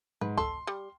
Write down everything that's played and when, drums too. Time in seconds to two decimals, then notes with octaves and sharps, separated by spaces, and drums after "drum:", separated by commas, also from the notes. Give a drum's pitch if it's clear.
0.21 G#2 B4
0.37 A4 C6, drum: kick
0.67 G3